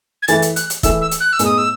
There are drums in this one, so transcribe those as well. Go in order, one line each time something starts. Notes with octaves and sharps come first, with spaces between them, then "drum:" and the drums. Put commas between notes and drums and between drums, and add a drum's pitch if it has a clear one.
G#6
E3 A3 E4 A6, drum: hi-hat
drum: hi-hat
F#6, drum: hi-hat
drum: hi-hat
E3 A3 E4 E6, drum: kick, hi-hat
E6
drum: hi-hat
F#6
E6
A2 G#3 B3 D#4 G#4, drum: hi-hat
D#6
E6